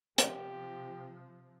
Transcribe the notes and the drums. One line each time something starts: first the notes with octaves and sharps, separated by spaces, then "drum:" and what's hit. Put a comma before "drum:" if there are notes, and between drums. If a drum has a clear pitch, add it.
C3 F3 G4, drum: hi-hat